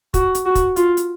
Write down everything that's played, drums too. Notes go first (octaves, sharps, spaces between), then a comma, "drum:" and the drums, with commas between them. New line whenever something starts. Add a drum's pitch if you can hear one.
F#4, drum: kick, hi-hat
drum: hi-hat
F#4
drum: kick, hi-hat
F4, drum: hi-hat
drum: hi-hat